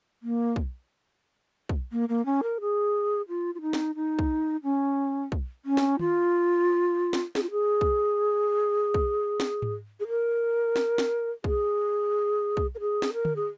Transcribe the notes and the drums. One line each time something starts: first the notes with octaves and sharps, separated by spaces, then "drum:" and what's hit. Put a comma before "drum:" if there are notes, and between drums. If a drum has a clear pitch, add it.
A#3
drum: kick
drum: kick
A#3
A#3
C#4
A#4
G#4
F4
F4
D#4
drum: snare
D#4
drum: kick
C#4
drum: kick
C#4
drum: snare
F4, drum: tom D#3
drum: snare
G#4, drum: snare
F4
G#4
drum: kick
drum: kick
drum: snare
drum: tom G#2
G#4
A#4
drum: snare
drum: snare
G#4, drum: kick
drum: kick
A#4
G#4
drum: snare
A#4
drum: tom D3
G#4